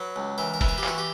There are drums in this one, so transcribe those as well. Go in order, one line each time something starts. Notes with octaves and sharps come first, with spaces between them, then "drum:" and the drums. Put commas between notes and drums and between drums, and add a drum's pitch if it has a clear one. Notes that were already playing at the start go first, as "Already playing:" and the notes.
Already playing: F#3 B4
C#2
E3 A#4
A#4
E3, drum: kick F1, cymbal
A#4
G4
E3 F#4, drum: clap
G4